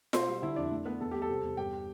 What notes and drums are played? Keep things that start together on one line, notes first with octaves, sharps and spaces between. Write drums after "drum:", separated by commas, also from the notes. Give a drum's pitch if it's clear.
B2 C5 C6, drum: snare F4
G3
D3 E4 E5
F2 D4 D5
A3
A3 B3 B4
E2 A4
G3 G4
A4
C3
E2
G2 G4 G5